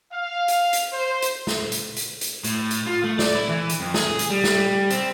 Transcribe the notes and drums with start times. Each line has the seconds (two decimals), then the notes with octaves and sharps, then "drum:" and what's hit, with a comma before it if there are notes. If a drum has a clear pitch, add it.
0.12 F5
0.48 drum: hi-hat
0.73 drum: hi-hat
0.92 C5
1.22 drum: hi-hat
1.47 drum: snare
1.72 drum: hi-hat
1.97 drum: hi-hat
2.21 drum: hi-hat
2.44 A2, drum: hi-hat
2.71 drum: hi-hat
2.87 F4
3.04 A3
3.19 D5, drum: snare
3.35 E4
3.49 E3
3.70 drum: hi-hat
3.80 F2
3.94 G#4, drum: snare
4.19 drum: hi-hat
4.30 G3
4.44 drum: snare
4.90 C4, drum: hi-hat